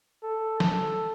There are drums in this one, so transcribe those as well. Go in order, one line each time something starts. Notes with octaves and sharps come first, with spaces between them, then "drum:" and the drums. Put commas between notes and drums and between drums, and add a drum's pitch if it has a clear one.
A4
A4, drum: snare